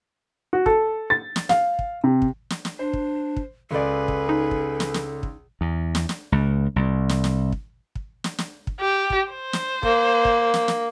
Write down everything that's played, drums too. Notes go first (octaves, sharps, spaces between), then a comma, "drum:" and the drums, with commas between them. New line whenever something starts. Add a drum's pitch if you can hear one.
F#4
A4, drum: kick
A6
drum: snare
F5, drum: snare
drum: kick
C3
drum: kick
drum: snare
drum: snare
D4 C5
drum: kick
drum: kick
C#2 G#4 A4 B4 D5
drum: kick
D#4
drum: kick
drum: snare
drum: snare
drum: kick
E2
drum: snare
drum: snare
C#2
C2
drum: snare
drum: snare
drum: kick
drum: kick
drum: snare
drum: snare
drum: kick
G4
drum: kick
C5
drum: snare
A#3, drum: kick
drum: kick
drum: snare
drum: snare